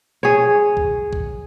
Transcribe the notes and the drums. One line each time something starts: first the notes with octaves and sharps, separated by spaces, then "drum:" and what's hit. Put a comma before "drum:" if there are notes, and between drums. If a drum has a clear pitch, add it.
G#4 C#5
drum: kick B1
drum: kick B1